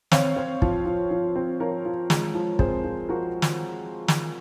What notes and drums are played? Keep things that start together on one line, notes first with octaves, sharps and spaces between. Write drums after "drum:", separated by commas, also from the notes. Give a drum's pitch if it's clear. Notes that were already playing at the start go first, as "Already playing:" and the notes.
C4 C#5 F5, drum: snare
C4
F3, drum: kick
F3
F3
C4
F3 A#4 C#5
F3
G#3, drum: snare
F3
C4 G#4 C5, drum: kick
F3
F3 F#4 A#4
drum: snare
drum: snare